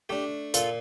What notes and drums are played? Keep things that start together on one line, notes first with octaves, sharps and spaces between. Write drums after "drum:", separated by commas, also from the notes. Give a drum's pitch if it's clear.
A3 D4 G4
A#2 F4 A4, drum: hi-hat